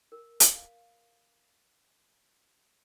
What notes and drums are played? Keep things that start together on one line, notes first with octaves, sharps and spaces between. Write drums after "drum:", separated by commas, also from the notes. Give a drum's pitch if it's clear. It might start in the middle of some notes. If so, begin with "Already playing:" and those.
A#4
drum: hi-hat
F5